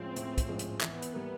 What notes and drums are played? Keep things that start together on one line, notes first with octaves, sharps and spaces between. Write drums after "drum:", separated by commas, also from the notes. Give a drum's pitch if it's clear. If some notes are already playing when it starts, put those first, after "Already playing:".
Already playing: A2 F3 G#3 C4 C#4 F4
A2, drum: hi-hat
drum: kick, hi-hat
F3 G#3 C#4 F4
drum: hi-hat
E3 B3, drum: clap
drum: hi-hat
G3 A#3